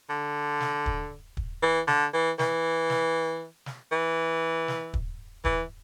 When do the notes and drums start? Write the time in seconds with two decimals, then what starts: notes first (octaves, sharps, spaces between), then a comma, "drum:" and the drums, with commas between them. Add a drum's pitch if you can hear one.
0.10 D3
0.60 drum: snare
0.86 drum: kick
1.37 drum: kick
1.63 E3
1.88 D3, drum: snare
2.13 E3
2.39 E3, drum: snare
2.90 drum: snare
3.66 drum: snare
3.92 E3
4.68 drum: snare
4.94 drum: kick
5.45 E3, drum: kick